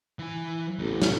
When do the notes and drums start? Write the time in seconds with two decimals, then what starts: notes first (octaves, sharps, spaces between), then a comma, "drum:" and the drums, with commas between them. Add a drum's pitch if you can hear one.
0.19 E3 G#5
0.79 A1 E2 C3
1.02 drum: snare